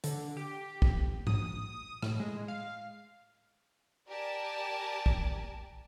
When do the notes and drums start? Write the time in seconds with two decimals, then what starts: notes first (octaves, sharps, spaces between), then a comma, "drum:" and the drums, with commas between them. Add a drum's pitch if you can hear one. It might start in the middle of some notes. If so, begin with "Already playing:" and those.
0.04 D3, drum: hi-hat
0.37 G4
0.82 drum: kick
1.27 D#6, drum: tom G#2
2.03 A2, drum: rim click
2.20 G#3
2.48 F5
4.07 G4 A#4 D5 G#5 A5
5.06 drum: kick